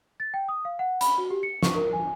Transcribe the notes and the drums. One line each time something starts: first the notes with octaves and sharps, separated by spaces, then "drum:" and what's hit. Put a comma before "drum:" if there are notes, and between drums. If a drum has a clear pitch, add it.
A6
G5
D#6
F5
F#5
B5, drum: hi-hat
F#4
G4
C#7
C#6, drum: snare
A#4
G#5